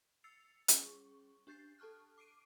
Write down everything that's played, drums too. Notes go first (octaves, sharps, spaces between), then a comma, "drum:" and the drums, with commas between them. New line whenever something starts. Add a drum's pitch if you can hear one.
E6 A6 C7 C#7 F7
G3 C#4 G#4 C#6, drum: hi-hat
D4 G4 G6 A6 C7
A4 A5 C#6 F6 F#6
D6 C7 D7 D#7